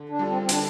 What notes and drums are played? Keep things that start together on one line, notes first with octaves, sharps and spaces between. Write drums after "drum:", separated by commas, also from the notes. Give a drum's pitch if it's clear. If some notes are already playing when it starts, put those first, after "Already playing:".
Already playing: D3
D4
G3 F4 A4
C4
C4
D3 D4, drum: hi-hat